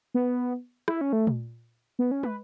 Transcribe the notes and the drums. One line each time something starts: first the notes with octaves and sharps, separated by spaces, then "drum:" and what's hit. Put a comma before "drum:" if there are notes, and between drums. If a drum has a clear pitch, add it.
B3
E4, drum: rim click
C#4
A3
drum: tom A#2
B3
C#4
B4, drum: tom